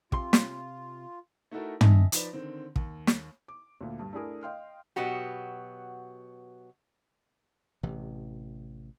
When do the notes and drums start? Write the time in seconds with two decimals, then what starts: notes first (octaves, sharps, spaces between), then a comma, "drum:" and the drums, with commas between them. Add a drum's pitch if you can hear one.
0.12 C3 F4 C6, drum: kick
0.33 drum: snare
1.51 A3 D#4 E4 F#4 A4 A#4
1.81 D#5 E5 G#5 A5, drum: tom
2.12 F3 D#4 B4 D5, drum: hi-hat
2.33 D3 D#3 C4
2.76 D#2, drum: kick
3.07 drum: snare
3.48 D6
3.81 D2 A#2
3.99 G2
4.13 A3 D4 E4 G#4 A#4
4.43 D#5 F5 G5 C6 F6
4.96 B2 F#3 B3 F#4 G4
7.83 A1 C3 E3